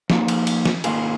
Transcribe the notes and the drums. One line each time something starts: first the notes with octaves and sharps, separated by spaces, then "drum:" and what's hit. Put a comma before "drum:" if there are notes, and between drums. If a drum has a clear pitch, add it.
F3 A#3 D#4 G#4, drum: snare
drum: cymbal
drum: cymbal
drum: snare
G#2 D#3 A#3 F4 G#4, drum: cymbal